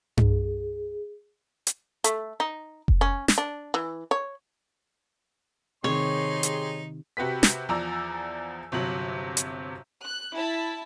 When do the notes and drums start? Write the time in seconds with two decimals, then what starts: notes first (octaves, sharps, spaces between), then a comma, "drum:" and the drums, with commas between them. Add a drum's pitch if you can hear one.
0.17 G#4, drum: tom G2
1.67 drum: hi-hat
2.04 A3, drum: hi-hat
2.40 D#4
2.88 drum: kick F1
3.01 C#4
3.28 drum: snare
3.38 D4
3.74 E3
4.11 C#5
5.84 C3 D#3 C4 D#4 G4 G#4 C#5 C6
6.43 drum: hi-hat
7.17 C3 F#4 G4 B4 B6
7.43 drum: snare
7.69 E2 F3 D5 A#5 E6
8.72 G1 C3 F#3 F#7
9.37 drum: hi-hat
10.04 F#6
10.35 E4 A5 B5